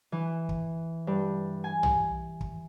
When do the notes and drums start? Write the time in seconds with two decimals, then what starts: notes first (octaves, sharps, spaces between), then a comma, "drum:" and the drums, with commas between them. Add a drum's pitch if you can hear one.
0.12 E3
0.49 drum: kick
1.07 G2
1.64 G#5
1.83 drum: tom
2.41 drum: kick